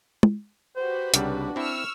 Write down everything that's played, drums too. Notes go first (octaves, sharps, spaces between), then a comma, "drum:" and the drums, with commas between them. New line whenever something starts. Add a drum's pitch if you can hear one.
drum: tom
F#4 G4 B4 C5
C2 C#3 G3 D4, drum: hi-hat
C4 E4 C#6 E6 F6